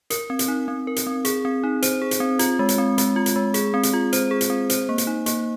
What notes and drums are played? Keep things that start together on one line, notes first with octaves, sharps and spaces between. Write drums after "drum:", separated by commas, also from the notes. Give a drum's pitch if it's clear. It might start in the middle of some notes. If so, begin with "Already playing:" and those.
A#4, drum: hi-hat
C4
drum: hi-hat
D#4
C4
A#4
drum: hi-hat
C4
G#4, drum: hi-hat
C4
D#4
C5, drum: hi-hat
G#4
drum: hi-hat
C4
F4, drum: hi-hat
G#3
drum: hi-hat
C4
G#3, drum: hi-hat
F4
drum: hi-hat
G#3
G#4, drum: hi-hat
C4
drum: hi-hat
F4
C5, drum: hi-hat
G#4
drum: hi-hat
C4
C5, drum: hi-hat
A#3
drum: hi-hat
D#4
A#3, drum: hi-hat